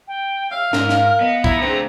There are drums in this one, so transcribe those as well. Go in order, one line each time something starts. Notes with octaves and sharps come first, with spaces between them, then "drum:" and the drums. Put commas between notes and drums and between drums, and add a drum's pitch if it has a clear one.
G5
E5 F5 F6
G#2 A#4 F5, drum: snare
drum: snare
B3 D#5
E4 A#5, drum: kick
D3 G#3 A3 C4